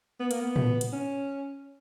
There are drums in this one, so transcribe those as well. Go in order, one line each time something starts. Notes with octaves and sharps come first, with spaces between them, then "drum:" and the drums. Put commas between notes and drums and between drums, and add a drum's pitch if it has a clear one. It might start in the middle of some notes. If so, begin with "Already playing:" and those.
B3
A#3, drum: hi-hat
B3
drum: tom
drum: hi-hat
C#4